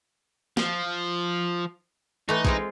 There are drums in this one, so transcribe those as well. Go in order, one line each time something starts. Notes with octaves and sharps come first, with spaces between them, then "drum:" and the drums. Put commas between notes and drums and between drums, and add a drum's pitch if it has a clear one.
F3, drum: snare
E3 A3 D#4
G#3 C4 F4, drum: kick